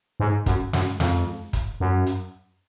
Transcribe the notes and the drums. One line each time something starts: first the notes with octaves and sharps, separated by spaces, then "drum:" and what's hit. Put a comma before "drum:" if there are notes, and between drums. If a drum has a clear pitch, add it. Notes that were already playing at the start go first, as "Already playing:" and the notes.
G#2
F#2, drum: kick, hi-hat
F#2, drum: snare
F2, drum: snare
drum: kick, hi-hat
F#2
drum: hi-hat